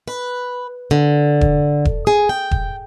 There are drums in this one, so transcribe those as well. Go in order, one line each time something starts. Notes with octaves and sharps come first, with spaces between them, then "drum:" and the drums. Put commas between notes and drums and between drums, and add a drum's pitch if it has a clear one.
B4
D3
drum: kick E1
drum: kick E1
G#4
G5
drum: kick E1